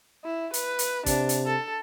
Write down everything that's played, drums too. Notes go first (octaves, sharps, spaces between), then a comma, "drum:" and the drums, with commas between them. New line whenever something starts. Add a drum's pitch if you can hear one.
E4
B4, drum: hi-hat
drum: hi-hat
C3 D4, drum: kick, hi-hat
drum: hi-hat
A4